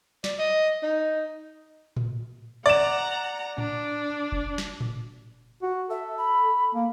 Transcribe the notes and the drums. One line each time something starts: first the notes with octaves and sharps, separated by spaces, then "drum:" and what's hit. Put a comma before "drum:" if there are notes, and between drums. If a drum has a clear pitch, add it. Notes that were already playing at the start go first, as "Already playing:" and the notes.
D5, drum: snare
D#5
D#4
drum: tom A2
D5 F#5 A#5 E7
D4, drum: tom A2
drum: kick F1
drum: snare
drum: tom A2
F#4
A4 E5
B5
A#3